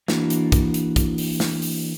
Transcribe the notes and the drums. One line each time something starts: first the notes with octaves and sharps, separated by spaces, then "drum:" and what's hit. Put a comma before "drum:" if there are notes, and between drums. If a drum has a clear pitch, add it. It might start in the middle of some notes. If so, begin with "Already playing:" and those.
E3 A#3 D4 F#4, drum: snare
drum: hi-hat
drum: kick, hi-hat
drum: hi-hat
drum: kick, hi-hat
drum: open hi-hat
drum: snare
drum: open hi-hat